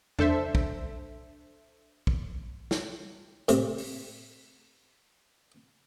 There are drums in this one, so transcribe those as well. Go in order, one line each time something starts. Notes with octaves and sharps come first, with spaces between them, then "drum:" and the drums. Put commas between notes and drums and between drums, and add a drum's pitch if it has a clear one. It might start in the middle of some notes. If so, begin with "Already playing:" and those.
D4 A4 C5 E5, drum: tom E2
drum: kick
drum: kick
drum: snare
A2 C3, drum: hi-hat
drum: open hi-hat